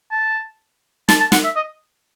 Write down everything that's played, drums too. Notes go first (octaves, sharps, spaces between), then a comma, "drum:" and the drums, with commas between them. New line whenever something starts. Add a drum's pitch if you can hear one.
A5
A5, drum: snare
A5
F#5, drum: snare
E5
D#5